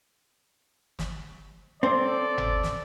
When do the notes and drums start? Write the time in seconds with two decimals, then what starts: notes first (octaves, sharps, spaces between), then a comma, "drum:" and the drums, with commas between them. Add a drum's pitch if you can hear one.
0.99 drum: snare
1.83 C4 A4 D5
2.38 drum: tom G1
2.63 drum: snare